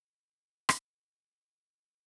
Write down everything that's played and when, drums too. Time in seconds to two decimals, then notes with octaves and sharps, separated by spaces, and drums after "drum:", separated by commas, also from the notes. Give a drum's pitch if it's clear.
0.22 D1 D4 D#4 G#4 C5 B5
0.69 drum: rim click
1.22 G#5 A5